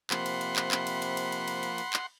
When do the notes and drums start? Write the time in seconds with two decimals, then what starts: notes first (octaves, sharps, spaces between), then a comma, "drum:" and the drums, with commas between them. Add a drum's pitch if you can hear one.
0.11 C3 F3 A#3 F#5 B5 C6, drum: clap
0.26 drum: cymbal
0.41 drum: cymbal
0.56 drum: clap
0.71 drum: clap
0.87 drum: cymbal
1.02 drum: cymbal
1.17 drum: cymbal
1.32 drum: cymbal
1.48 drum: cymbal
1.63 drum: cymbal
1.78 drum: cymbal
1.93 drum: clap